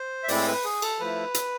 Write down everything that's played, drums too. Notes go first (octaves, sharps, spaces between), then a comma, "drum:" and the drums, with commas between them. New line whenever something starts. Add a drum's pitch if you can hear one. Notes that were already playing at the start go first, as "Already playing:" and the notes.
Already playing: C5
E5
A2 G#3 C4 E4 D5, drum: open hi-hat
B4
G#4
A4, drum: cymbal
F3 A3 E4 B4
drum: hi-hat